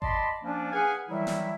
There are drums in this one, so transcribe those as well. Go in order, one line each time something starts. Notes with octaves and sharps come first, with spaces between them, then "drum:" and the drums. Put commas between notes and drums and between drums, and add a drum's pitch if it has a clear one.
D5 D#5 A5 B5 C6, drum: kick G#1
F3 A#3 C#4 D4
G#4 B4 F5 F#5 G#5
D#3 E3 F#3 G3 E4
drum: snare